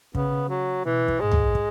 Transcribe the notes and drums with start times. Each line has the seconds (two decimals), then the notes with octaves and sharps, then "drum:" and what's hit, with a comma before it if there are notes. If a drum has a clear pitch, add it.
0.15 C#3 B3, drum: kick
0.49 F#3
0.85 B2 E3
1.08 drum: kick
1.20 G#2 G#3
1.32 drum: tom
1.55 drum: kick